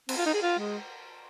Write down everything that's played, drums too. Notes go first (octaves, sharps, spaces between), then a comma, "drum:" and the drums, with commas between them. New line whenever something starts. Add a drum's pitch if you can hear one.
C4, drum: cymbal
F4
D#4
G#4
F4
G#3